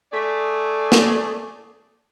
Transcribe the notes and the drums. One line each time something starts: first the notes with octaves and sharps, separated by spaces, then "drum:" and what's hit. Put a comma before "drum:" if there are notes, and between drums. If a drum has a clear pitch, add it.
A3 G#4 D5
drum: snare